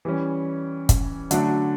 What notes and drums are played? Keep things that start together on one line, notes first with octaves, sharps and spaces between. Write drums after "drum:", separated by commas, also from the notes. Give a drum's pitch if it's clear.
E3 G3 C#4
drum: kick, hi-hat
D3 F#3 A3 D4, drum: hi-hat